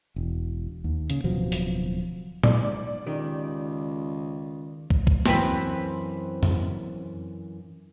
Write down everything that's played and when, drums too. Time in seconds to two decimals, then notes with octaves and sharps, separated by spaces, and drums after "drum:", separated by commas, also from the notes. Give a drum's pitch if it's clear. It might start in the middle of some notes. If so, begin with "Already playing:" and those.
0.16 E1
0.84 D#2
1.10 C#3, drum: hi-hat
1.24 D1 B2 F3 F#3
1.52 drum: open hi-hat
2.43 G#2 D5, drum: tom
3.07 C#2 D#3 G4
4.90 drum: kick
5.07 drum: kick
5.26 F#2 E3 C4 B4 G5 B5, drum: snare
6.43 drum: tom F2